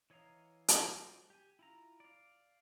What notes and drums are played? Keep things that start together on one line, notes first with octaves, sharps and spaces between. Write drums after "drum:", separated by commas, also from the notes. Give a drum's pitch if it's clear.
E3 C#5 D#5 F5 A#5
drum: hi-hat
G3 F#4 C5 D5 D#5
G4 G#5
E4 F4 A#5
D5 F5